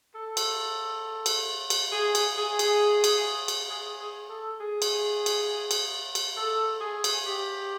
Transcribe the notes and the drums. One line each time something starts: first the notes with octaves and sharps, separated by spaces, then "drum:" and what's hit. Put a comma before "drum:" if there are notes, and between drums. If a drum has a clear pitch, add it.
A4
drum: cymbal
drum: cymbal
drum: cymbal
G#4
drum: cymbal
G#4
drum: cymbal
drum: cymbal
drum: cymbal
G#4
G#4
A4
G#4
drum: cymbal
drum: cymbal
drum: cymbal
drum: cymbal
A4
G#4
drum: cymbal
G4